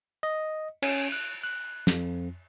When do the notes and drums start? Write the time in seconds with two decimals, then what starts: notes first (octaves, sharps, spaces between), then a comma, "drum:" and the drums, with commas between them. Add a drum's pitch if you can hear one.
0.23 D#5
0.82 C#4, drum: cymbal
1.12 F#6
1.44 F#6
1.87 F2, drum: snare